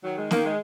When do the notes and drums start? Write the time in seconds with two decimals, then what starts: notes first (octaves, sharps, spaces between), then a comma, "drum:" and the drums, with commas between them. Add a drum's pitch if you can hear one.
0.04 D#3 F#3
0.17 G#3
0.31 D#3 A#3, drum: snare
0.44 G#3